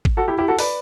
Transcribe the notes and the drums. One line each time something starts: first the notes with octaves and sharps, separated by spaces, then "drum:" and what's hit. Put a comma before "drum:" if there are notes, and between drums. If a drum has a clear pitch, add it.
drum: kick G#1
F#4 A4
E4 G4
E4 G4
F#4 A4
B4 D5, drum: open hi-hat